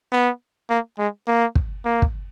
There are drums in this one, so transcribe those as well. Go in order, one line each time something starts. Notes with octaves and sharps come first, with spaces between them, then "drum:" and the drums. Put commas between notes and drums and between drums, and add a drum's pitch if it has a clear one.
B3
A#3
G#3
A#3
drum: kick
A#3
drum: kick